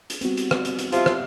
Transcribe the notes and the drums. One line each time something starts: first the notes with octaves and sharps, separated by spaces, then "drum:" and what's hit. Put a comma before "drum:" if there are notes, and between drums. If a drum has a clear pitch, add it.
drum: hi-hat
G3 B3 C4 F#4, drum: hi-hat
drum: hi-hat
drum: rim click
drum: hi-hat
drum: hi-hat
F3 F4 G4 E5 F5, drum: hi-hat
drum: rim click